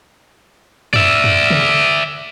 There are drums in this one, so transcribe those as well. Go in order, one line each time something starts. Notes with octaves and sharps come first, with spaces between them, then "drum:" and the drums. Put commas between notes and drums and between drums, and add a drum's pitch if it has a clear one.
D5 E5, drum: tom
drum: tom
drum: tom